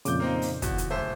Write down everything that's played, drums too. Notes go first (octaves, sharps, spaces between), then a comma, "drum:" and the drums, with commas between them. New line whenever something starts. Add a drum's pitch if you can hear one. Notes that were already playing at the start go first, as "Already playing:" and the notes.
F2 A#2 C#3 D6 G6, drum: hi-hat
A#3 C4 D#4
drum: open hi-hat
E2 F#4, drum: kick, hi-hat
drum: hi-hat
D1 C5 E5